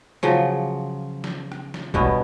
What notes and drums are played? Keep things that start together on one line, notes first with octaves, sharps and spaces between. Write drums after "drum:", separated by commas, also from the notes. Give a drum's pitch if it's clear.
C#3 F3 F#3, drum: snare
drum: snare
drum: rim click
drum: snare
G2 B2 B3 C#4, drum: kick